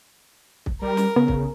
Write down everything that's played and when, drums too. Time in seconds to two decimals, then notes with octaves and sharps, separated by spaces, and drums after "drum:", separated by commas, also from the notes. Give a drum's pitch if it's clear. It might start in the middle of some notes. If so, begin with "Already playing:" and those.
0.66 drum: kick
0.82 G3 A#4
0.97 drum: snare
1.16 C#3 B3
1.28 drum: kick